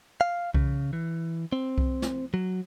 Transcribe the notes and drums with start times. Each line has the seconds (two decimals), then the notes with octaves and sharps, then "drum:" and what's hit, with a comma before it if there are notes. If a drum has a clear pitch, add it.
0.21 F5
0.54 C#3, drum: kick C2
0.93 E3
1.52 C4
1.78 drum: kick C2
2.02 drum: snare
2.34 F#3